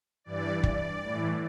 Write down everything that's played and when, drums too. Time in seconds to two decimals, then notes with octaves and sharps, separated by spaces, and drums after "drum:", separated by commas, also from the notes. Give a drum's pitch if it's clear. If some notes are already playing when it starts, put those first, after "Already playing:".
0.24 G2 E3 D5
0.63 D5, drum: kick
1.03 A2 E3